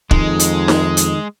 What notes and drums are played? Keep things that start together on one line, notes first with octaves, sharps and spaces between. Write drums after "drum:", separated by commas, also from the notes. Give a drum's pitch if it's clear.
F2 D#3 G#3 D#4, drum: kick
drum: hi-hat
drum: snare D#4
drum: hi-hat